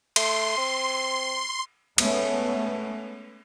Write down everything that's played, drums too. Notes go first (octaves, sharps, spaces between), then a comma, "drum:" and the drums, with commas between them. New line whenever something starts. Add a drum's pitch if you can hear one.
A3 C6, drum: cymbal
C4
G#3 A3 B3 C#4, drum: cymbal